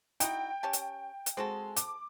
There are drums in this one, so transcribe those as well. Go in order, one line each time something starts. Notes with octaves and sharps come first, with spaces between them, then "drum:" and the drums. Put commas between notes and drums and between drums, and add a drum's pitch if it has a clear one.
D#4 E4 F#4 G5, drum: hi-hat
C#4 G4 A5
drum: hi-hat
drum: hi-hat
G#3 C4 F#4 A4
D6, drum: hi-hat